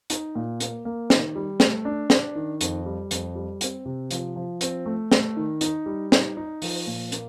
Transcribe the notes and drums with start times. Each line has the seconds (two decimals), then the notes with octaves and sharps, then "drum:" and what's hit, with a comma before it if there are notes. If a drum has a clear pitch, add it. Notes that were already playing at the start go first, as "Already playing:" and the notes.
0.10 D#4, drum: hi-hat
0.35 A#2
0.60 A#3, drum: hi-hat
0.85 A#3
1.10 D#3, drum: snare
1.36 G3
1.60 A3, drum: snare
1.85 D4
2.10 D4, drum: snare
2.35 D#3
2.61 F2, drum: hi-hat
2.86 G3
3.11 F2, drum: hi-hat
3.35 G3
3.61 C4, drum: hi-hat
3.85 C3
4.11 F3, drum: hi-hat
4.36 F3
4.61 C4, drum: hi-hat
4.86 A3
5.12 A3, drum: snare
5.37 D#3
5.61 D#4, drum: hi-hat
5.86 G3
6.12 D#4, drum: snare
6.37 D#4
6.62 F3, drum: open hi-hat
6.87 A#2
7.12 A#3, drum: hi-hat